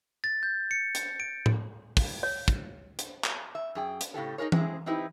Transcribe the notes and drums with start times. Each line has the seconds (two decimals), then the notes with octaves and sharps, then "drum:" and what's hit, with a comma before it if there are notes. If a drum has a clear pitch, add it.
0.24 A6
0.43 G6
0.71 C#7
0.95 drum: hi-hat
1.20 D7
1.46 drum: tom A2
1.97 drum: kick, open hi-hat
2.23 C#5
2.48 drum: kick, hi-hat
2.99 drum: hi-hat
3.24 drum: clap
3.55 E5
3.75 F#2 G#4 G5
4.01 drum: hi-hat
4.14 A2 C#3 G4 A4
4.38 D#4 F4 G#4 A#4 C#5
4.52 G#3 A3 C4 E4 G#4, drum: tom E3
4.86 C4 D#4 E4 G4 B4